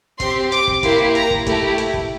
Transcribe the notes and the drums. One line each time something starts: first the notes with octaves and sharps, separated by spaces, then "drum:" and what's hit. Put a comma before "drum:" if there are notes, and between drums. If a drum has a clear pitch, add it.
C4 G4 C6, drum: kick, hi-hat
D6, drum: hi-hat
drum: kick
A#3 E4 G4 C6, drum: kick, hi-hat
A#5, drum: hi-hat
drum: kick
A3 E4 G4, drum: kick, hi-hat
drum: hi-hat
drum: kick